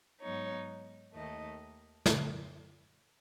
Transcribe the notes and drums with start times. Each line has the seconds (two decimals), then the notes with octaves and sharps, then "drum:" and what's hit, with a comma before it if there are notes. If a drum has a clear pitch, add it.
0.21 G#2 F#3 B3 D#4 C#5
1.14 D#2 D#3 A3 D#5
2.06 drum: snare